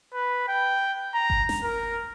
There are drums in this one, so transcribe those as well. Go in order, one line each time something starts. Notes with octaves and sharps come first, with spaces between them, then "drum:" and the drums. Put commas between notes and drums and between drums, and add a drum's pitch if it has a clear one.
B4
G5
A#5
drum: kick G1
drum: snare
A#4